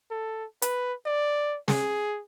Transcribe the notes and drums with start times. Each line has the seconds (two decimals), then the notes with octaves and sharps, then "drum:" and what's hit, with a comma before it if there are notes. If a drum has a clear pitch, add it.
0.10 A4
0.62 B4, drum: hi-hat
1.05 D5
1.68 G#4, drum: snare